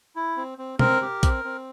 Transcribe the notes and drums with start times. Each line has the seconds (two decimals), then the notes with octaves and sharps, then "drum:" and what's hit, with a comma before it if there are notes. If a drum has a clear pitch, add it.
0.16 E4
0.37 C4
0.58 C4
0.79 C4 A#4, drum: tom
1.02 G4
1.23 C4, drum: kick A#1, hi-hat
1.44 C4